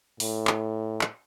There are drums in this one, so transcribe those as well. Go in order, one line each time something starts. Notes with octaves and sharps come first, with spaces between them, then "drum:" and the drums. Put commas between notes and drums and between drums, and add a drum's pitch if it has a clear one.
A2, drum: open hi-hat
drum: clap
drum: clap